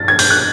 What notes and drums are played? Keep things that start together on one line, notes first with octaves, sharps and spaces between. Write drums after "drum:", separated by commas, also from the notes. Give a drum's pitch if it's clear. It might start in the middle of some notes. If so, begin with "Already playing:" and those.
Already playing: G2 A6
G#6
G6, drum: open hi-hat
F#6